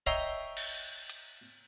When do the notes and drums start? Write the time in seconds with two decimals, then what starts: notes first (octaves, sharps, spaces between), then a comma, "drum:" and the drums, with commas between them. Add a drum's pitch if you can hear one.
0.07 C#5 D#5 E5 G5 A#5 C6
0.57 drum: cymbal
1.10 drum: hi-hat